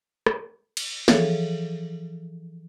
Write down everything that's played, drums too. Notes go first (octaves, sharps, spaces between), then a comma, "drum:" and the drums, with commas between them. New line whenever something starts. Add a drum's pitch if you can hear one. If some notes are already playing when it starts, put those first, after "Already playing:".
drum: rim click
drum: cymbal
E3 F3 G#4 A4 C#5, drum: snare